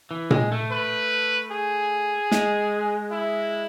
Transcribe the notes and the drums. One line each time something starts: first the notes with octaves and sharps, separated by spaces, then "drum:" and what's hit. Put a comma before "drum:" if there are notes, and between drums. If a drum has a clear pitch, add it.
E3
G#3, drum: tom A#2
A3
B4
G#4
G#3, drum: snare
E4